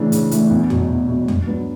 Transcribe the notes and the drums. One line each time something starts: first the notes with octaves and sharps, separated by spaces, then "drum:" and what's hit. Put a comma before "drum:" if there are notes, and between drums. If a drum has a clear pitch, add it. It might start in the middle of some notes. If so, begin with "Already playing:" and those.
Already playing: C#3 E3 A3 D4
C#3, drum: hi-hat
E3 A3 D4, drum: hi-hat
E2
B2 F#3, drum: tom E2
E2
B2 F#3
G2, drum: tom E2
F#3 B3 D4